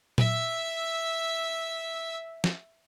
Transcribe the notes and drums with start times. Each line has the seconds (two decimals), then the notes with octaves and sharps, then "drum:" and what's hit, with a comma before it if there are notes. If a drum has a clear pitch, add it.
0.18 E5 E6, drum: tom A#2
2.44 drum: snare